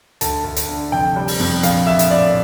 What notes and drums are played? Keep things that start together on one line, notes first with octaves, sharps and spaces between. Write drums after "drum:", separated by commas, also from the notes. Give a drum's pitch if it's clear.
D2 A5, drum: hi-hat
D2
drum: hi-hat
D3
F1 G5
G3
drum: open hi-hat
F2
A#1 F5, drum: hi-hat
A#1 E5
drum: hi-hat
A2 D5